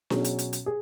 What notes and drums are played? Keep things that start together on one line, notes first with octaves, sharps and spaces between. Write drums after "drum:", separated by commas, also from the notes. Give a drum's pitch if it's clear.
B2 F#3 C#4 G#4, drum: snare D4
drum: hi-hat
drum: hi-hat
drum: hi-hat
G#4